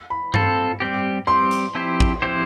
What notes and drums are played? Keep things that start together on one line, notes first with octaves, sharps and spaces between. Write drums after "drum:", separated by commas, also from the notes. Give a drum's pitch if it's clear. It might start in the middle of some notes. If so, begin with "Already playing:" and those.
B5
C4 F4 A4, drum: tom G2
G3 C4 G4
G3 C4 G4 C6
drum: hi-hat
F3 C4 E4 G4 C5
drum: kick
F3 C4 E4 G4 C5